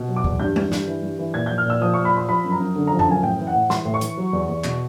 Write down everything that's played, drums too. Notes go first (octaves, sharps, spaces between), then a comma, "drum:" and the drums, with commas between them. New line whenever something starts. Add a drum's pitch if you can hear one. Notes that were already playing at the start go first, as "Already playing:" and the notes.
Already playing: B2
F#3
D6
E2, drum: kick C#2
G2 G6
E3, drum: tom G3
G2, drum: snare
E3
G2
E3
A#2 G#6
F3 G6
F6
A#2 E6
F3 D#6
A#2 C#6
B5
F3 C6
F3 B5
F#2
A#5
F#2
D3
F3 A#5
A5, drum: tom F2
F#2 G#5
A2 G5
E3
F#5
A2
E3 C6, drum: snare
A2
C#6
E3, drum: hi-hat
F#3
E2
E2
B2, drum: clap